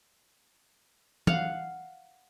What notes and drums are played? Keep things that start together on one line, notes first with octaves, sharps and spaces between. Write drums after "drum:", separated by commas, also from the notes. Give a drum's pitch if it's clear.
F5 F#5, drum: tom E3